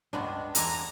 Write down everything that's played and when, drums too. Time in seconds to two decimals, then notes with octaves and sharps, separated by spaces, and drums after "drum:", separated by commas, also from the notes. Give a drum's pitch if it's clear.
0.13 C#2 G2 G#3 B3 D4 F#4
0.55 E1 A4 G#5 A#5 C6 D6, drum: hi-hat